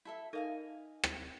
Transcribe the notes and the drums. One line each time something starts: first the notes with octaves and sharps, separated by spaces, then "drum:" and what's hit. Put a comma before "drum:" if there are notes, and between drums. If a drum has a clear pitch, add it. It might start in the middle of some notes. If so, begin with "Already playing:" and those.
E4 A4 E5
D#4 A4 A#4 D#5 F5 G#5
drum: rim click